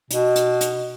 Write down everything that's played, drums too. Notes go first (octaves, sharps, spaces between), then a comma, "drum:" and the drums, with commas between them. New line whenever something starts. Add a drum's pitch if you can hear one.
B2, drum: hi-hat
drum: hi-hat
drum: hi-hat